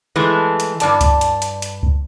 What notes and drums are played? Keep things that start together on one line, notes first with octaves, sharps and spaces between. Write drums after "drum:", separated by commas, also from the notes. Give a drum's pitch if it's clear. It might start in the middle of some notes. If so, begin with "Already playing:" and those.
E3 G#3 A3
drum: hi-hat
G2 D5 A5, drum: hi-hat
drum: kick C#2, hi-hat
drum: hi-hat
drum: hi-hat
drum: hi-hat
drum: kick C#2